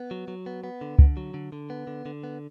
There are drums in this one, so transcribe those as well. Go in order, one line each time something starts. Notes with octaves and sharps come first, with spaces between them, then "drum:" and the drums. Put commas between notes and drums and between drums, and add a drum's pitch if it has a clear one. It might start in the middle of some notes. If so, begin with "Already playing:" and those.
Already playing: B3
F#3
F#3
B3
B3
D3
D3, drum: kick C#2
F#3
D3
D3
B3
D3
D3
B3